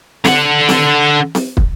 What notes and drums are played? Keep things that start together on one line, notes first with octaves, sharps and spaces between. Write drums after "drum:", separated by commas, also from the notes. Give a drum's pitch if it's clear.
D3 F#5, drum: snare C4
drum: snare C4
drum: snare C4
drum: kick